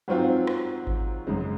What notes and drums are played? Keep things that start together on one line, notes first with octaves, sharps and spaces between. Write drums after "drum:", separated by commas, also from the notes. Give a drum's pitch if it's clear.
G#2 F#3 C4 F4 F#4
drum: rim click
drum: kick G#1
F#2 C#3 G#3